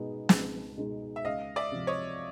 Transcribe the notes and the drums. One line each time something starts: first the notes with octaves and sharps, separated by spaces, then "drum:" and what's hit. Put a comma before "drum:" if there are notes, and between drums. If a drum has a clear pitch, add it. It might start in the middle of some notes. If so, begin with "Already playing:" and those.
Already playing: B2 G#3 B3 D#4
C#2, drum: snare
B2 G#3 B3 D#4
E5
C#2 D#5 F5
D5 E5
C3 F3
C#5 D#5